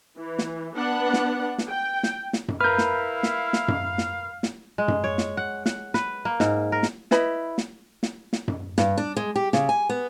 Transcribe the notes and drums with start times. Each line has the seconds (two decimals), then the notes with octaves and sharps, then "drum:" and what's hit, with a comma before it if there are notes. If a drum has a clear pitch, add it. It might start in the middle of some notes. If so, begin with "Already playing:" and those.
0.18 E3
0.39 drum: snare
0.77 B3 D4 F#5
1.13 drum: snare
1.58 drum: snare
1.69 G5
2.03 drum: snare
2.33 drum: snare
2.48 drum: tom F#2
2.61 E4 A#4 B4 F5 F6 G6
2.78 drum: snare
3.23 drum: snare
3.53 drum: snare
3.68 drum: tom F#2
3.98 drum: snare
4.43 drum: snare
4.78 G#3
4.88 drum: tom F#2
5.04 C#5
5.18 drum: snare
5.37 F#5
5.66 F#5, drum: snare
5.94 B4, drum: snare
6.25 A#3
6.40 G#2, drum: snare
6.72 A#4
6.83 drum: snare
7.11 E4 B4 D#5 B5, drum: snare
7.58 drum: snare
8.03 drum: snare
8.33 drum: snare
8.48 drum: tom F#2
8.78 G2, drum: snare
8.98 D4
9.17 G#3
9.36 G4
9.53 C#3, drum: snare
9.69 G#5
9.90 B3